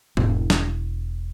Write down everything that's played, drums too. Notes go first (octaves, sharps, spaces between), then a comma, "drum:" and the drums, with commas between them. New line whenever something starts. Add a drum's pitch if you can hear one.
E1, drum: tom G#2
drum: snare